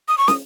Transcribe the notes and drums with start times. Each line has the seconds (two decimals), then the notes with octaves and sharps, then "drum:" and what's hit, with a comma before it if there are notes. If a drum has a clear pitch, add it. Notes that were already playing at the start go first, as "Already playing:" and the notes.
0.08 D#6
0.18 C#6
0.28 D#6, drum: snare